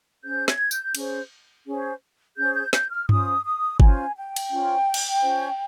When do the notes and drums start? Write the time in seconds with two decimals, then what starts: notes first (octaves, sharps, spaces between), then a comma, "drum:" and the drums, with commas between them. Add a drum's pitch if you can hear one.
0.23 C#4 G#4 C5 G6
0.48 G#6, drum: snare
0.71 G6, drum: tambourine
0.95 C#4 G#4 C5, drum: cymbal
1.66 C#4 G#4 C5
2.37 C#4 G#4 C5 G6
2.55 G6
2.73 G6, drum: snare
2.90 F6
3.09 C#4 F4 C5 D#6, drum: tom G2
3.44 D#6
3.80 C#4 F4 C5 G#5, drum: kick G1
4.15 G5
4.36 drum: cymbal
4.52 C#4 F4 C5
4.94 drum: cymbal
5.22 C#4 F4 C5